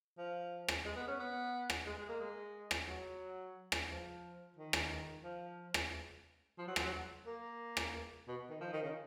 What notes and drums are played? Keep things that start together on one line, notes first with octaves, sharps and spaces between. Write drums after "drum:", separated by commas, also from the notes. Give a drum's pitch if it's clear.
F3
drum: rim click
G#3
B3
C#4
B3
drum: rim click
G#3
G#3
A#3
G#3
drum: rim click
F#3
drum: rim click
F3
D#3
drum: rim click
F3
drum: rim click
F3
F#3
F3, drum: rim click
F#3
A#3
drum: rim click
B2
D#3
F3
D#3
C#3